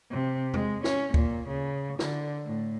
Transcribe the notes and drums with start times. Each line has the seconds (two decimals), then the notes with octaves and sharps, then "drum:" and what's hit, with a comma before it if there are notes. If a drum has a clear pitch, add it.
0.11 C3
0.54 G#3, drum: tom E2
0.84 C#4, drum: snare
1.14 A#2, drum: kick D2
1.48 C#3
1.99 D3, drum: snare
2.46 A2